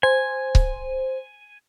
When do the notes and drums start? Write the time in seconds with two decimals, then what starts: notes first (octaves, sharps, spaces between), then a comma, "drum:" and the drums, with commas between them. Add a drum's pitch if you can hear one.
0.03 C5 G#5
0.55 drum: kick C#1